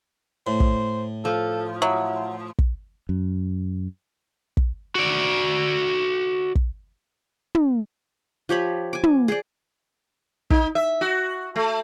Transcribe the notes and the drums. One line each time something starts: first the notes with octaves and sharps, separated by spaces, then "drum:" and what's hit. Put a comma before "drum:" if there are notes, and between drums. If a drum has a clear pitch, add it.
A2 C5
drum: kick
F3 A4
F#3 E4
drum: kick
F#2
drum: kick
F#4 D5
drum: kick
drum: tom
F3 G4 C#5 B5
G#5 D6
drum: tom
G#4 C5 D5
D#4, drum: kick
E5
F#4
A3